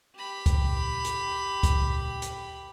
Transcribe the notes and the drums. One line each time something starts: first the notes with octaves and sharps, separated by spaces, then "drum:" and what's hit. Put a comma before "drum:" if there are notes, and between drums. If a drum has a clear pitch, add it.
G4 B5
drum: kick, hi-hat
drum: hi-hat
drum: kick, hi-hat
drum: hi-hat